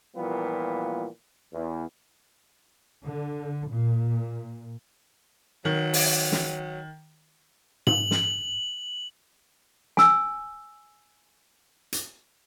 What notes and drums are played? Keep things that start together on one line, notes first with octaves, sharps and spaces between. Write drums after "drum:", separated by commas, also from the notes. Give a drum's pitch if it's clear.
A#2 E3 F3 G3 A#3 B3
E2
D3
A#2
D#3 F#3
drum: open hi-hat
drum: snare
F#7, drum: tom G#2
drum: snare
G#5 E6, drum: snare
drum: hi-hat